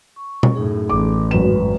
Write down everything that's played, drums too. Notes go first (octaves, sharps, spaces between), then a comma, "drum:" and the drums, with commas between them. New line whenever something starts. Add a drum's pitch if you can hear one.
C#6
drum: tom B2
F#2 A2 D#4 G#4
A1 D6
G#1 F#2 B4 E7